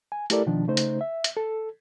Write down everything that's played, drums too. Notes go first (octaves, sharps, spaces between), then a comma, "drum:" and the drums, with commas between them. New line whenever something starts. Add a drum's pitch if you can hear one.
G#5
A3 E4 G4 A4 A#4 D5, drum: hi-hat
B2 D#3 F3 D4
C#3 A3 D#4 C5
drum: hi-hat
E5
drum: hi-hat
A4